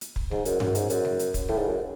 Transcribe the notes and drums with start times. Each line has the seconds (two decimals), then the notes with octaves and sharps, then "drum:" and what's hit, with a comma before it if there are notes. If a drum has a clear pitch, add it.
0.01 drum: hi-hat
0.16 drum: kick
0.31 G#2, drum: snare G3
0.45 F#2, drum: hi-hat
0.60 F#2, drum: tom G2
0.75 G#2, drum: hi-hat
0.90 F#2, drum: hi-hat
1.05 drum: snare G3
1.19 drum: hi-hat
1.34 drum: kick, hi-hat
1.48 A2, drum: snare G3
1.58 G#2
1.67 F#2